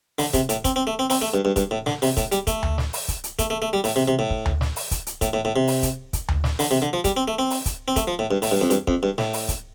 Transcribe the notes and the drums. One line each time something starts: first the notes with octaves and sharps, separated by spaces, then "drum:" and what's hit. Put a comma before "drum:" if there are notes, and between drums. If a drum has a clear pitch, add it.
D3, drum: open hi-hat
C3, drum: kick, hi-hat
A2, drum: hi-hat
C4, drum: kick, hi-hat
C4
A3
C4
C4, drum: open hi-hat
A3
G2
G2
G2, drum: kick, hi-hat
A2
D3, drum: snare
C3, drum: open hi-hat
A2, drum: kick, hi-hat
G3, drum: hi-hat
A3, drum: kick, hi-hat
drum: tom D2
drum: snare
drum: open hi-hat
drum: kick, hi-hat
drum: hi-hat
A3, drum: kick, hi-hat
A3
A3
G3
A2, drum: open hi-hat
C3
C3
A2
drum: kick
drum: tom D2
drum: snare
drum: open hi-hat
drum: kick, hi-hat
drum: hi-hat
A2, drum: kick, hi-hat
A2
A2
C3
drum: open hi-hat
drum: kick, hi-hat
drum: kick, hi-hat
drum: tom D2
drum: snare
D3, drum: open hi-hat
C3
D3
F3
G3, drum: kick, hi-hat
C4
A3
C4
drum: open hi-hat
drum: kick, hi-hat
C4
A3, drum: kick, hi-hat
F3
A2
G2
A2, drum: open hi-hat
G2
F2
G2, drum: hi-hat
F2, drum: kick
G2
A2, drum: snare
drum: open hi-hat
drum: kick, hi-hat